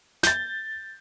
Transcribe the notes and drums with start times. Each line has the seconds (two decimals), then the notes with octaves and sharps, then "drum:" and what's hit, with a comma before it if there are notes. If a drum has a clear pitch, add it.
0.23 G6 A6, drum: snare